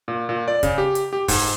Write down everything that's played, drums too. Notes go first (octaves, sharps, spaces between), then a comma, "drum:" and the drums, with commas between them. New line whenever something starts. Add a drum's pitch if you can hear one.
A#2
A#2
D5
C#3, drum: kick, hi-hat
G4
drum: hi-hat
G4
G#2, drum: kick, open hi-hat